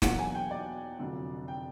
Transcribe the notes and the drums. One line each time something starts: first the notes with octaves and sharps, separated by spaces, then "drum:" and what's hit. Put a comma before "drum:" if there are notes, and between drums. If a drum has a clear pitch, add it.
E2 B2 F#3 A#3 D4 F#5, drum: snare
G#5
G5
D5
F1 F2 D3 F#3
G5